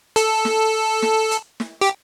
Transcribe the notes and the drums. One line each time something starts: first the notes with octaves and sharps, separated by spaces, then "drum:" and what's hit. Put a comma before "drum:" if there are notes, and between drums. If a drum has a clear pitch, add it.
A4, drum: hi-hat
drum: snare
drum: snare
drum: hi-hat
drum: snare
G4